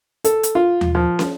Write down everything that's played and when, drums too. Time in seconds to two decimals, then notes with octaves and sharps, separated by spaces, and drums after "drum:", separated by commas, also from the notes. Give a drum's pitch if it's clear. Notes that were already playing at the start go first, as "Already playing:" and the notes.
0.24 A4, drum: hi-hat
0.43 drum: hi-hat
0.55 F4
0.81 drum: tom D#2
0.95 F3
1.19 drum: snare